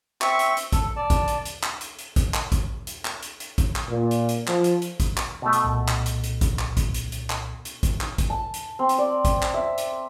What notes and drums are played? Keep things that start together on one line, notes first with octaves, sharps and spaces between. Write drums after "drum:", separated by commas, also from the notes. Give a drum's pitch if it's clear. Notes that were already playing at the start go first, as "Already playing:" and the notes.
C4 E5 C#6, drum: clap
drum: hi-hat
drum: hi-hat
A4, drum: kick, hi-hat
D5 A5
drum: kick, hi-hat
drum: hi-hat
drum: hi-hat
drum: clap
drum: hi-hat
drum: hi-hat
drum: kick, hi-hat
drum: clap
drum: kick, hi-hat
drum: hi-hat
drum: clap
drum: hi-hat
drum: hi-hat
drum: kick, hi-hat
drum: clap
A#2
drum: hi-hat
drum: hi-hat
F3, drum: clap
drum: hi-hat
drum: hi-hat
drum: kick, hi-hat
drum: clap
B2 A3
drum: hi-hat
C2 A#2
drum: clap
drum: hi-hat
drum: hi-hat
drum: kick, hi-hat
drum: clap
drum: kick, hi-hat
drum: hi-hat
drum: hi-hat
drum: clap
drum: hi-hat
drum: kick, hi-hat
drum: clap
drum: kick, hi-hat
A5
drum: hi-hat
C4
drum: hi-hat
D5
drum: kick, hi-hat
drum: clap
E5
drum: hi-hat